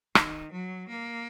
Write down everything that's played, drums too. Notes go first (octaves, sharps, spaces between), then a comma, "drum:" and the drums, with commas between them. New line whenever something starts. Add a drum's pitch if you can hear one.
D#3, drum: rim click
F#3
A#3